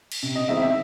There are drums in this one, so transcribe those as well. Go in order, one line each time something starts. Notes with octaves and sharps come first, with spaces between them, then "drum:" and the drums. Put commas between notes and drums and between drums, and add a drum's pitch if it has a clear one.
drum: cymbal
C3
D#5
D#3 G#3 C4 E4 E5
E5